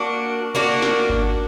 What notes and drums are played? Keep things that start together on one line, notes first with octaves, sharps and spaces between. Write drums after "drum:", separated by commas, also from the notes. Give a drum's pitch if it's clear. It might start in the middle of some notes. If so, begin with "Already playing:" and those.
Already playing: A#3 D4 F#4
A#3 D4 F#4
drum: snare
drum: kick G1